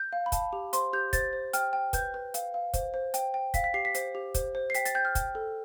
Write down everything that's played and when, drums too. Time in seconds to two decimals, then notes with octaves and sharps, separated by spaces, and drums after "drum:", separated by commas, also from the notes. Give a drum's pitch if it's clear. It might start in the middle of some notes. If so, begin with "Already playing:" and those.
Already playing: G6
0.13 F5
0.26 B5
0.32 F5 A5, drum: kick, hi-hat
0.53 G4
0.73 C5 C6, drum: hi-hat
0.93 G4 G6
1.13 C5 A6, drum: kick, hi-hat
1.33 C5
1.53 G5 F6, drum: hi-hat
1.73 G5
1.93 B4 G6, drum: kick, hi-hat
2.14 B4
2.34 F5, drum: hi-hat
2.54 F5
2.74 C5, drum: kick, hi-hat
2.94 C5
3.14 G5, drum: hi-hat
3.34 G5
3.54 F5 B6, drum: kick, hi-hat
3.64 B6
3.74 G4 C7
3.85 B6
3.95 C5, drum: hi-hat
4.15 G4
4.35 C5, drum: kick, hi-hat
4.55 C5
4.70 C7
4.75 G5 B6, drum: hi-hat
4.85 A6, drum: hi-hat
4.95 G5 G6
5.05 F6
5.15 G5, drum: kick, hi-hat
5.35 A4